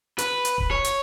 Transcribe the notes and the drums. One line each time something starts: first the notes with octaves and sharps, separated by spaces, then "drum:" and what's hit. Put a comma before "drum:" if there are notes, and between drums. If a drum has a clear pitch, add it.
B4, drum: hi-hat
drum: hi-hat
drum: kick D#1
C#5
drum: hi-hat